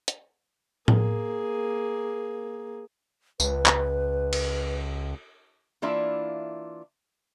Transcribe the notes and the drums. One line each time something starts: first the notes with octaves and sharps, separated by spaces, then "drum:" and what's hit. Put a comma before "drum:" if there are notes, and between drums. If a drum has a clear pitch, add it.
drum: hi-hat
A#3 G#4, drum: tom A2
C#2 B4, drum: tambourine
drum: clap
drum: cymbal
E3 A#3 D4 E4 F4 E5